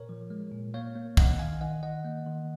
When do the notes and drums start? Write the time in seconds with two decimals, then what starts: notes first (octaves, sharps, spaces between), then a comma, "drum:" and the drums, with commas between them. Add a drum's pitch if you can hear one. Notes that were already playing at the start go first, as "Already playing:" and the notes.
Already playing: A#2 A#4 C#5
0.09 F3
0.30 G#3
0.52 A#2
0.74 A#3 C#5 F5
0.96 A#3
1.17 D#3 D#5 F#5, drum: kick
1.39 D#3 F5 G#5
1.61 D#3 D#5 F#5
1.82 D#3 D#5 F#5
2.05 A#3
2.26 D#3